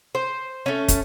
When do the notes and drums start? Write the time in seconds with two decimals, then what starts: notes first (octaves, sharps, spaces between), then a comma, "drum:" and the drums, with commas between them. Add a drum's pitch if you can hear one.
0.15 C5
0.66 A3 C#4
0.88 drum: kick, hi-hat